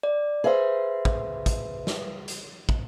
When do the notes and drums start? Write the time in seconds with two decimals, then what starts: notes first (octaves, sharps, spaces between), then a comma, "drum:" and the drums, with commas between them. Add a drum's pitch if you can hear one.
0.03 D5
0.44 G#4 B4 C5 E5 F5
1.05 drum: kick
1.46 drum: kick, hi-hat
1.87 drum: snare
2.28 drum: hi-hat
2.69 drum: kick